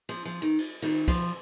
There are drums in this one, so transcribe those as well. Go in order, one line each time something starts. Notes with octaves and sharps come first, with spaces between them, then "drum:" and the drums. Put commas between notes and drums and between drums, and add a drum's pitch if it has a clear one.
F3, drum: cymbal
F3
D#3
drum: cymbal
D#3, drum: cymbal
F3, drum: kick, cymbal